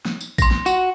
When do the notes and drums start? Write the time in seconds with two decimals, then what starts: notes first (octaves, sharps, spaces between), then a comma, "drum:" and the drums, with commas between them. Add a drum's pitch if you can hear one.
0.05 drum: snare
0.21 drum: tambourine
0.38 C6 A#6, drum: kick, tambourine
0.51 drum: snare
0.66 F#4, drum: tambourine